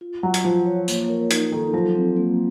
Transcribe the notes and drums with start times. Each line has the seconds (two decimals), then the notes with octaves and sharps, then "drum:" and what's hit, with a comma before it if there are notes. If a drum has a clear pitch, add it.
0.01 F4
0.23 F#3 F#5
0.34 drum: hi-hat
0.44 F3 F4
0.66 C#5
0.88 A#3, drum: tambourine
1.09 A#4
1.31 D#4, drum: hi-hat
1.52 D#3 A4
1.73 F3 F#3
1.95 C4
2.16 A#3